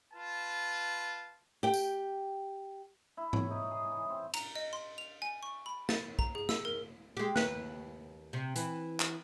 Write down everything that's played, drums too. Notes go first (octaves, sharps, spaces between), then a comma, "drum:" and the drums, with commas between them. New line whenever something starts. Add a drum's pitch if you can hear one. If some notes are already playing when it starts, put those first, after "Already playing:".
F4 B4 A5
G4 G5
drum: tambourine
E4
C#5, drum: tom G#2
D#4
G#4
E3
C4
A#5, drum: cymbal
D#5
C6
F7
G#5
C#6
B5
A6, drum: snare
A#5, drum: kick
G#4
E6, drum: snare
A#4
G#3 G4
D#2 B4, drum: snare
C3
E3, drum: hi-hat
drum: clap